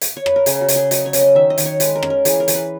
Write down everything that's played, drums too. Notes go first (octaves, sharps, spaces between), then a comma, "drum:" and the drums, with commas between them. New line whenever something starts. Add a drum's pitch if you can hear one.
drum: hi-hat
C#5
B4, drum: rim click
A#4
C#3 G#4, drum: hi-hat
F#4
C#3, drum: hi-hat
G#4
F#3 D#5, drum: hi-hat
C#5
C#4, drum: hi-hat
D#5
D#3 E5
D#5
D#3, drum: hi-hat
C#5
G#3 B4, drum: hi-hat
A#4
C#4, drum: rim click
A#4
E3 G#4, drum: hi-hat
A#4
E3, drum: hi-hat
B4